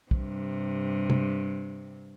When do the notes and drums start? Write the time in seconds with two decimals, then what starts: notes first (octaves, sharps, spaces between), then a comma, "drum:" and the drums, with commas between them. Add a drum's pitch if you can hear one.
0.11 G2 C3, drum: kick
1.10 drum: tom C3